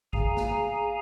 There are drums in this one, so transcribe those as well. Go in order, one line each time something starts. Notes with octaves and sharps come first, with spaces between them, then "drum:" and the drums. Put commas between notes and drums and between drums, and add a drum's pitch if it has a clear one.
G#4 F5 G#5 A#5, drum: kick G#1
drum: snare A#3